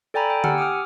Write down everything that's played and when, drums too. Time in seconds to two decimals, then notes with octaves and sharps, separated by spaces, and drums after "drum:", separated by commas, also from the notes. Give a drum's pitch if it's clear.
0.14 A4 D5 G5 G#5 A#5 B5
0.30 G5
0.44 G4 F#5 G#5 E6 F6, drum: tom D3
0.58 D6 D#6 F6